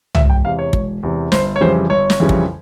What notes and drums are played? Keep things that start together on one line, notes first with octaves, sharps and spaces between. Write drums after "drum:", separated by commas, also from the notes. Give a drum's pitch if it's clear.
E1 E5, drum: tom C2
G5
E2 C3 F5
C#5
E1, drum: kick
E2 C3
G1 C5, drum: snare
C#5
F2 C#3 E3 G3 C5
G1 C#5
drum: snare
F2 C#3 E3 G3
drum: kick